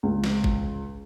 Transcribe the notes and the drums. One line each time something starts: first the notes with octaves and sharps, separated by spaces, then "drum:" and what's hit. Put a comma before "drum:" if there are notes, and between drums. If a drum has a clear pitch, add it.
C#2
drum: snare
drum: kick G1